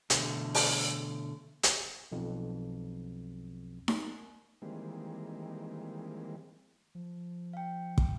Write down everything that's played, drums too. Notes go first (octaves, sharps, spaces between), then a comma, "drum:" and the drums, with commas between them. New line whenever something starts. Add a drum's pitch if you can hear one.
B2 D3 E3 A3, drum: hi-hat
drum: open hi-hat
drum: hi-hat
B1 F2
drum: snare D#4
D#3 E3 G3 G#3 A#3 C4
F3
F5 G5
drum: kick